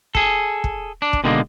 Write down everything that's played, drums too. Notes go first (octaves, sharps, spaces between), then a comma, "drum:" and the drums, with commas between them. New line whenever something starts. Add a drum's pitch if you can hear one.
G#4 A4, drum: kick
drum: kick
D4
drum: kick
B2 D3 D#3 G#3 A#3